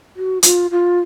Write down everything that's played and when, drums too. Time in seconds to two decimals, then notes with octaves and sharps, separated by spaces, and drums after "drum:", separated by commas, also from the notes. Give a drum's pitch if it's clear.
0.16 F#4
0.43 F4, drum: hi-hat
0.71 F4